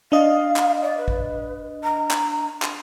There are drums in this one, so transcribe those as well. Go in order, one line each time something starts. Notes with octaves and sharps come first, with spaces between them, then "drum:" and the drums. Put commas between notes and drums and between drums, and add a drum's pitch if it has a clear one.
D4 D#5 F5
drum: clap
D5
B4
drum: kick
A#5
drum: clap
drum: clap